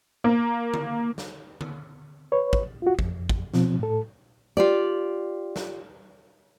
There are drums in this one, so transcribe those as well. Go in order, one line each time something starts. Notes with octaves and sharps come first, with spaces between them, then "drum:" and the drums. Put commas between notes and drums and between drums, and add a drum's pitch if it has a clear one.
A#3
drum: tom D3
drum: snare
drum: tom D3
B4 C#5
drum: kick
F4 F#4
F2, drum: kick
drum: kick
B2 F3 C4, drum: snare
A2 A4
F4 G4 D5
drum: snare